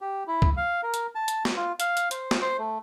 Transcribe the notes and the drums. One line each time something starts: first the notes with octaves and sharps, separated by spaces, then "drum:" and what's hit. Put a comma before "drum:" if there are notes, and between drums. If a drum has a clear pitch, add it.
G4
E4
drum: kick C#2
F5
A#4
drum: hi-hat
A5
drum: hi-hat
drum: snare
F4
F5, drum: hi-hat
drum: hi-hat
C5, drum: hi-hat
drum: snare
C5
A3